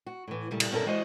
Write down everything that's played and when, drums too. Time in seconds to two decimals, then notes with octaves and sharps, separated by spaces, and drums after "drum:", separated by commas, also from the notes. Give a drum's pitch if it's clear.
0.06 F#4
0.28 A2 E3
0.51 A#2 C#3 G3 A3
0.60 drum: cymbal
0.71 G2 B2 C#4 E4 A4 A#4
0.86 E3 G#3 F#4 C5 D#5